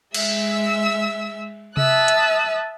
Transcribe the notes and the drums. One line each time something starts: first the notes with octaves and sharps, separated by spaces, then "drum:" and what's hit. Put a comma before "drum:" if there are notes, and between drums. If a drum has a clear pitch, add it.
G#3 E5 E6, drum: cymbal
E5 A5 D#6 E6 F#6, drum: tom C3
drum: hi-hat